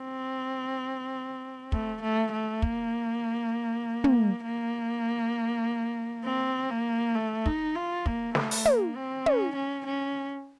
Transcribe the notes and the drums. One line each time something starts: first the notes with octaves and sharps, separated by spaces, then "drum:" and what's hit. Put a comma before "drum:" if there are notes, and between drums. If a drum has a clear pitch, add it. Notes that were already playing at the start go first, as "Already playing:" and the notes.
Already playing: C4
A3, drum: kick
A3
A3
A#3, drum: kick
drum: tom
A#3
C4
A#3
A3
D#4, drum: kick
F4
A#3, drum: kick
A3, drum: snare
drum: open hi-hat
A#3, drum: tom
C4
C#4, drum: tom
C#4
C#4